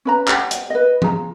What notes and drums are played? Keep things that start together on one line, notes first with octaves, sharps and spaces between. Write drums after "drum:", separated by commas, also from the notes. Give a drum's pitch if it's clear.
C#4 B4 A#5
G4 F#5, drum: clap
drum: hi-hat
B4 D#5
F4 G#4 A#5, drum: tom F3